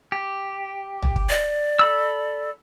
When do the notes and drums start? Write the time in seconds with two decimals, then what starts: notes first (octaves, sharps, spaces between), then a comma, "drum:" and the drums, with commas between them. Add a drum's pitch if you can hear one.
0.12 G4
1.02 drum: tom
1.16 drum: kick
1.29 D5
1.79 A4 B5 E6